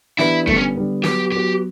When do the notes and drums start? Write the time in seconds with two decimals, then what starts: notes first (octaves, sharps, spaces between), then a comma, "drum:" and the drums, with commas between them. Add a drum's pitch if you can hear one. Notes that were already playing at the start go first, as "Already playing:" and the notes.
0.19 E3 B3 D4 E4 G4 B4, drum: snare
0.47 D3 G3 A3 B3, drum: kick
0.56 C#4
0.76 D3 G3 B3
1.04 F#3 B3 F#4 G4, drum: snare
1.32 F#3 B3 F#4 G4